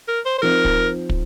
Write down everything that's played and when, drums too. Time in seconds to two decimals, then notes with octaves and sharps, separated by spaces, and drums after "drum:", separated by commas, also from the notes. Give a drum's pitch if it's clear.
0.08 A#4
0.26 C5
0.38 C5
0.42 F3 C4 D#4 A#4
0.65 drum: kick
1.10 drum: kick